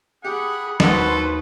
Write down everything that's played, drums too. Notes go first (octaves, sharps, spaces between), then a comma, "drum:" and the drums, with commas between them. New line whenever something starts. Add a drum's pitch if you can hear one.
G4 G#4 F#5 B5
D#2 F#4 A4 B4 C5 D#5 F#5, drum: snare